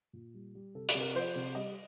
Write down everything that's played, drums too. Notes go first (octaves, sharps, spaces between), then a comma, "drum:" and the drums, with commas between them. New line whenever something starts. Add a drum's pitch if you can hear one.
A#2
G3
G3
C3 A4
G4, drum: hi-hat
C3
A#4
F3 C5
C3
G3 D#5